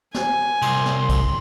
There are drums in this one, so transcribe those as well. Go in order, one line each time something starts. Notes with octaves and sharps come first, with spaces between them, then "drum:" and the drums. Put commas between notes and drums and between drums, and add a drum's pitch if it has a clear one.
G#5, drum: snare
C2 C6, drum: cymbal
drum: snare
drum: kick B1, cymbal